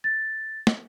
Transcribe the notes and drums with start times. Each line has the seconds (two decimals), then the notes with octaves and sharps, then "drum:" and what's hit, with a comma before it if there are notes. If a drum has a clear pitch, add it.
0.04 A6
0.67 drum: snare